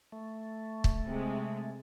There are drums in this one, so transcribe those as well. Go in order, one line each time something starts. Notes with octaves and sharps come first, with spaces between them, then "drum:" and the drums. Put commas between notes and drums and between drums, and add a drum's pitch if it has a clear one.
A3
drum: kick
C3 G#3